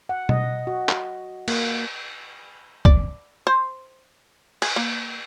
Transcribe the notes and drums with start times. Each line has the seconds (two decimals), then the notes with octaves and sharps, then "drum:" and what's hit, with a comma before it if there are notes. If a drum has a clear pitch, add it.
0.09 F#5
0.29 D#5, drum: tom B2
0.67 F#4
0.89 drum: clap
1.48 A#3, drum: cymbal
2.85 D5, drum: kick
3.47 C5
4.62 G#4, drum: cymbal
4.76 A#3